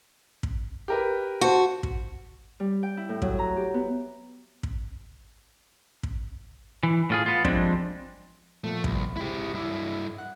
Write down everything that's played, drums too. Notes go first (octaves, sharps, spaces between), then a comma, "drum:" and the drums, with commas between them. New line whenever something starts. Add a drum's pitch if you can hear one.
drum: kick
G4 A#4 B4
F#4 C5 A5 C#6
drum: kick
G3
G5
E4
A2
F#3, drum: kick
A#5
G4
B3
drum: kick
drum: kick
E3
A2 F4 G#4
B3 F4
F3 G3 G#3 C4 D4, drum: kick
A#2 F3 A3 B3
C2, drum: kick
C#2 G#2 C3 E4 G4
G2 F#3 E4 D5
F#5